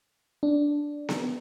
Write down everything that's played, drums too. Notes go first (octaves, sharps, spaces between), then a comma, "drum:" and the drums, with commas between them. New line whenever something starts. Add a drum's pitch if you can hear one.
D4
drum: snare B3